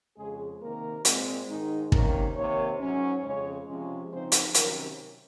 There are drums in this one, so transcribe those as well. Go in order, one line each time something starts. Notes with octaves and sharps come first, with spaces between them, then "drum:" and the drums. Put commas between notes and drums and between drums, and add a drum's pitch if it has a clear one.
F2 C#3 G#3 G#4
C3 D#3 A#3 A#4
A#2 G#3 C4, drum: hi-hat
G#2 D#3 G#3 D#4
C3 D#3 A#3 C#4 A#4, drum: kick
C3 D#3 A#3 C#5
G#2 F#3 C#4
F2 C#3 G#3 C#5
C3 F3 G#3 C#4
C#3 F3 C4 D#4 C5
drum: hi-hat
C3 D#3 F#3 C#4 A#4, drum: hi-hat